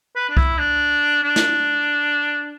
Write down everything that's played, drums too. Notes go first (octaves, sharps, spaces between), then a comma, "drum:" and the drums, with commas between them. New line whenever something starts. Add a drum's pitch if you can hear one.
B4
D4
E4, drum: kick C2
D4
D4
drum: snare